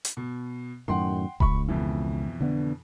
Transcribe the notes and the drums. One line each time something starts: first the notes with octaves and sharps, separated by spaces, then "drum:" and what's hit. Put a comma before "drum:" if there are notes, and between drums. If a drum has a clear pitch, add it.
drum: hi-hat
B2
F#2 A2 D#3 F#5 G5 C6
C#2 B5 C#6, drum: kick D#1
F2 B2 E3
D3 B3 D4